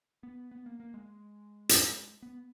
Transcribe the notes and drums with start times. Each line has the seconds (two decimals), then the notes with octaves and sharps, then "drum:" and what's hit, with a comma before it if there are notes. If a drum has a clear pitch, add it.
0.23 B3
0.51 B3
0.66 A#3
0.80 A#3
0.94 G#3
1.69 drum: hi-hat
2.22 B3